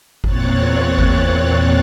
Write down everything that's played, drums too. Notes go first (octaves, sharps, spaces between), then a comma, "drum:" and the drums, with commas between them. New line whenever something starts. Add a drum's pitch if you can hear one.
E2 A#2 C4 C#5 F#6 A6, drum: kick G#1
drum: kick G#1